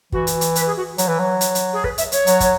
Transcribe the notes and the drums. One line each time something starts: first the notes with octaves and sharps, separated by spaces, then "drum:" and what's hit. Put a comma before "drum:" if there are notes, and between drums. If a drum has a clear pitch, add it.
E3 F#4, drum: kick
drum: hi-hat
drum: hi-hat
B4, drum: hi-hat
G#4
F#4
F#3, drum: hi-hat
E3
F#3
drum: hi-hat
drum: hi-hat
G#4
B4, drum: kick
E5, drum: hi-hat
C#5, drum: hi-hat
F#3, drum: hi-hat
drum: kick, hi-hat